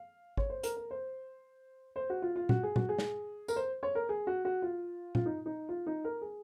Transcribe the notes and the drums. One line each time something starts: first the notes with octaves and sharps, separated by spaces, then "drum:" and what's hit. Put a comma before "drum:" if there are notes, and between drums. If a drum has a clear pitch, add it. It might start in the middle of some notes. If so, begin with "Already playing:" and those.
Already playing: F5
C#5, drum: kick G#1
C5
A#4, drum: hi-hat
A#4
C5
C5
F#4
F4
F4
F#4, drum: tom A#2
G#4
F#4, drum: tom A#2
G#4
drum: snare
A#4, drum: tambourine
C5
C#5
A#4
G#4
F#4
F#4
F4
F4, drum: tom A#2
D#4
D#4
F4
D#4
A#4
G#4